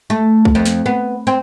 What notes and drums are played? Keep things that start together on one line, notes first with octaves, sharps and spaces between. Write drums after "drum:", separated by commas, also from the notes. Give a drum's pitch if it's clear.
A3
drum: kick
F2
drum: snare
B3
C4